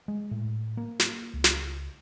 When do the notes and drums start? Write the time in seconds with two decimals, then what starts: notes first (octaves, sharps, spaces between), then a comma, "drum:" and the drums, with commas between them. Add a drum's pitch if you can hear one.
0.08 G#3
0.31 A2
0.77 A#3
1.00 drum: snare
1.33 C#2
1.44 drum: snare